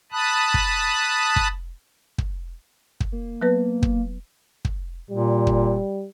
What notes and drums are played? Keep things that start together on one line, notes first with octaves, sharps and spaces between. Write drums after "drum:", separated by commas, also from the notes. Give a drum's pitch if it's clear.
A5 B5 D#6 F#6
drum: kick
drum: kick
drum: kick
drum: kick
A#3
F#3 B3 B4
drum: kick
drum: kick
A#2 G3
drum: kick